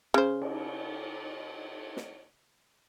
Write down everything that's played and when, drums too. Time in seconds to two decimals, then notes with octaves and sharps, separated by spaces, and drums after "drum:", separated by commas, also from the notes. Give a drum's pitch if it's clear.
0.14 C#3 C5
0.42 drum: cymbal
1.97 drum: snare